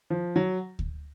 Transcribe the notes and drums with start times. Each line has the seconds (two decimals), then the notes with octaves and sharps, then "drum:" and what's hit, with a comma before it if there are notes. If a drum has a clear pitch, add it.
0.10 F3
0.36 F#3
0.79 drum: kick D2